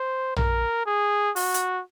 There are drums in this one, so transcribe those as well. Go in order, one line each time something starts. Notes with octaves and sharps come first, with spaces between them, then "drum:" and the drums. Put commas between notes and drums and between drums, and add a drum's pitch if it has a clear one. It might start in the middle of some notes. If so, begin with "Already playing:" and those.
Already playing: C5
A#4, drum: tom
G#4
F#4, drum: open hi-hat
drum: hi-hat